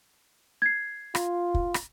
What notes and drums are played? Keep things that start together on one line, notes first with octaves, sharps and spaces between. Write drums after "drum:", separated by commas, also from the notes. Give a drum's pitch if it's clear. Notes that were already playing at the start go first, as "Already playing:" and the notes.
G#6 C7
F4, drum: rim click
drum: kick
drum: rim click